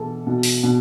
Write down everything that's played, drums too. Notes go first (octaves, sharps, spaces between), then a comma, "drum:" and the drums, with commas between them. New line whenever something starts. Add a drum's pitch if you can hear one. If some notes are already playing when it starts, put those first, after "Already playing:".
Already playing: B2 E3 A4
B2
drum: open hi-hat
B2